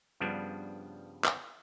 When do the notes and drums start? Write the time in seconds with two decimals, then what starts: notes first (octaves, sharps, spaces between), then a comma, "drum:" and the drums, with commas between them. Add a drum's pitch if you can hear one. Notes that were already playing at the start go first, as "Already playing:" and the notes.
0.20 G2 C#3 F3 G3 B3 D4
1.24 drum: clap